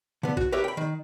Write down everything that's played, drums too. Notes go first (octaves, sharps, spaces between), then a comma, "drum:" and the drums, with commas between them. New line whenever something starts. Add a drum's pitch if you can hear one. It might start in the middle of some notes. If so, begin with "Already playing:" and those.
D3 B3
F#4, drum: kick A1
G4 A#4 B4 C#5 E5
G5 B5
D#3